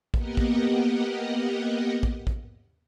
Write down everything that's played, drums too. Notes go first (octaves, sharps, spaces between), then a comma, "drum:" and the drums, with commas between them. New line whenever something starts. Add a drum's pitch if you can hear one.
A#3 B3 G4 A#4 D#5 F#5, drum: kick
drum: kick
drum: kick
drum: kick